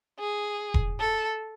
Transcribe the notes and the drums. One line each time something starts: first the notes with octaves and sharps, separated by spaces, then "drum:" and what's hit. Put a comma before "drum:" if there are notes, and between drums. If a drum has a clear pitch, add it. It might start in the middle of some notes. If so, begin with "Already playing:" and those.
G#4
drum: kick E1
A4